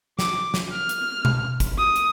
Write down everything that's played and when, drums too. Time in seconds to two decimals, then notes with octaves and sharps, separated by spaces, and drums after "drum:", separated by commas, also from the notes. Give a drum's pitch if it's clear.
0.19 D6, drum: snare
0.54 drum: snare
0.72 F6
0.89 drum: hi-hat
1.25 drum: tom B2
1.60 drum: kick, hi-hat
1.78 D#6
1.96 drum: hi-hat